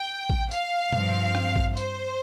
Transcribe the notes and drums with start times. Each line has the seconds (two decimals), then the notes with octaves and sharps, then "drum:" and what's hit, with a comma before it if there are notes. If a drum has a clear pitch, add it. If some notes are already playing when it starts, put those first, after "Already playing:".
Already playing: G5
0.30 drum: kick A1
0.51 F5, drum: tambourine
0.92 G2 F3 C4, drum: tom B2
1.35 drum: rim click
1.56 drum: kick A1
1.77 C5, drum: tambourine